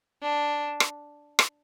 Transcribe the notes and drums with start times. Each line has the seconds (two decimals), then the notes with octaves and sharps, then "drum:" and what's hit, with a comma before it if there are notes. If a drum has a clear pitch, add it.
0.22 D4
0.80 drum: rim click
1.39 drum: rim click